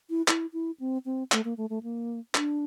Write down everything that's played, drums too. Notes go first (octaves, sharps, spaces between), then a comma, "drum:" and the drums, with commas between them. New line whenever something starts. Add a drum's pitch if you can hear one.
E4
E4, drum: clap
E4
C4
C4
A3, drum: clap
A#3
A3
A3
A#3
D4, drum: clap